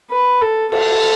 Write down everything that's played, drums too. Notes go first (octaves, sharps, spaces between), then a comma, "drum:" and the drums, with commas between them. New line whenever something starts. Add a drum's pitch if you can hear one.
B4
A4
A4, drum: cymbal